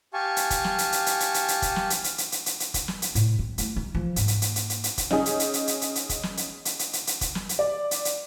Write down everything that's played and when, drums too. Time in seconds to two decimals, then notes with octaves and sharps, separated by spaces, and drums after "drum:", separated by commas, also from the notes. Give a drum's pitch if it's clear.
0.14 G4 F5 G#5 A5 C#6
0.36 drum: hi-hat
0.50 drum: kick, hi-hat
0.64 drum: snare
0.78 drum: hi-hat
0.92 drum: hi-hat
1.06 drum: hi-hat
1.20 drum: hi-hat
1.34 drum: hi-hat
1.48 drum: hi-hat
1.62 drum: kick, hi-hat
1.76 drum: snare
1.90 drum: hi-hat
2.04 drum: hi-hat
2.18 drum: hi-hat
2.32 drum: hi-hat
2.46 drum: hi-hat
2.60 drum: hi-hat
2.74 drum: kick, hi-hat
2.88 drum: snare
3.02 drum: hi-hat
3.15 A2, drum: hi-hat
3.39 C4
3.58 A3 E4, drum: hi-hat
3.76 D#4
3.95 E3 F3
4.16 G#2 A#3, drum: hi-hat
4.28 drum: hi-hat
4.42 drum: hi-hat
4.56 drum: hi-hat
4.70 drum: hi-hat
4.84 drum: hi-hat
4.98 drum: kick, hi-hat
5.11 C#4 D#4 G#4 G#5, drum: snare
5.26 drum: hi-hat
5.40 drum: hi-hat
5.54 drum: hi-hat
5.67 drum: hi-hat
5.81 drum: hi-hat
5.95 drum: hi-hat
6.09 drum: kick, hi-hat
6.23 drum: snare
6.37 drum: hi-hat
6.65 drum: hi-hat
6.79 drum: hi-hat
6.93 drum: hi-hat
7.07 drum: hi-hat
7.21 drum: kick, hi-hat
7.35 drum: snare
7.49 drum: hi-hat
7.59 D5
7.91 drum: hi-hat
8.05 drum: hi-hat